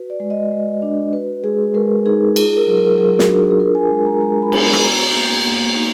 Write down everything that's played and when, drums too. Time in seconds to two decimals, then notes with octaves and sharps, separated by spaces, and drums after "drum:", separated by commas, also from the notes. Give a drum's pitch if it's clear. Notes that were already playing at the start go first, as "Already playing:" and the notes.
Already playing: F#4 B4
0.10 D5
0.20 G#3
0.30 D#5
0.51 G#3
0.82 D4
1.13 F#4 B4
1.44 G#3 G#4
1.74 G#3 A#4
2.06 D#4 G#4
2.36 F4 G#4, drum: cymbal
2.57 A#4
2.67 F#3
2.77 A#4
2.98 F#3 G#4
3.19 F#4, drum: snare
3.29 D4
3.39 G#4
3.50 G#4
3.60 F4 A#4
3.75 G#5
3.90 G#3
4.06 A#5
4.21 G#3 A#5
4.42 B5
4.52 B3, drum: cymbal
4.63 A#5
4.73 drum: rim click
4.82 F#4 A#5
5.14 A#3
5.45 A#3
5.76 D#4